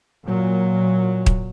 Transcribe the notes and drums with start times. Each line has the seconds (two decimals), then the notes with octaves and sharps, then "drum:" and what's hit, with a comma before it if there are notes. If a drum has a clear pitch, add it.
0.25 A#2 F#3
1.26 drum: kick